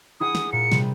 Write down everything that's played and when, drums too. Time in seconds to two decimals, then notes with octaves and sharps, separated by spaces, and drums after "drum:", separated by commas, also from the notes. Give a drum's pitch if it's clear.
0.20 E4 G#4 F#5 D#6
0.35 drum: snare
0.52 A#2 C#7
0.72 C3 G3, drum: snare